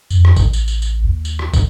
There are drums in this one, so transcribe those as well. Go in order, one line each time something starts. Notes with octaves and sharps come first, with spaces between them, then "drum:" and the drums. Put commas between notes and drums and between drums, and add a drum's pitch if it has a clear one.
F2, drum: tambourine
drum: rim click
A1, drum: kick, tambourine
drum: tambourine
drum: tambourine
drum: tambourine
D#2
drum: tambourine
drum: rim click
drum: kick, tambourine